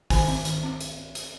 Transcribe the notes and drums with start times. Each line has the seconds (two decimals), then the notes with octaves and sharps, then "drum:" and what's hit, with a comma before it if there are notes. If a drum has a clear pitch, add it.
0.10 D#3 G#5, drum: kick, open hi-hat
0.28 C4
0.45 D#3, drum: hi-hat
0.63 C4
0.81 drum: hi-hat
1.15 drum: hi-hat